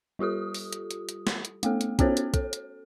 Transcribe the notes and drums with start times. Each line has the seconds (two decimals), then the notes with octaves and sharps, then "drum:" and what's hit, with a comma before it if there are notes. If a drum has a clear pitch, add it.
0.19 G3 F4 G4 A4 D#6
0.54 drum: open hi-hat
0.73 drum: hi-hat
0.91 drum: hi-hat
1.09 drum: hi-hat
1.27 drum: snare
1.45 drum: hi-hat
1.63 A3 B3 A4, drum: hi-hat
1.81 drum: hi-hat
1.99 B3 C#4 F#4 A4 C5 C#5, drum: kick, hi-hat
2.17 drum: hi-hat
2.34 A4, drum: kick, hi-hat
2.53 drum: hi-hat